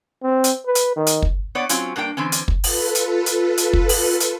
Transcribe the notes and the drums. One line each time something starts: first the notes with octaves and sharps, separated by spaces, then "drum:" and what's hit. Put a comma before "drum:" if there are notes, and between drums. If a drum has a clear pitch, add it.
C4
drum: hi-hat
B4
drum: hi-hat
D#3
drum: hi-hat
drum: kick
B3 C#5 D5
F#3 C4 C#4 F4, drum: hi-hat
G2 A#3 D4 G4 G5
D3 E3 C4 C#4
drum: hi-hat
drum: kick
F4 A4 B4, drum: open hi-hat
drum: hi-hat
drum: hi-hat
drum: hi-hat
drum: kick
drum: open hi-hat
drum: hi-hat